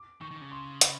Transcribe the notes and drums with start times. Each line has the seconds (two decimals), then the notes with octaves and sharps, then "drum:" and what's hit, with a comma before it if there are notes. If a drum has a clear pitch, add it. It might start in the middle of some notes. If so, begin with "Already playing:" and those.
Already playing: D6
0.21 D#3 C#6
0.31 D#3
0.36 C#6
0.41 C#3
0.51 C6
0.81 B5, drum: hi-hat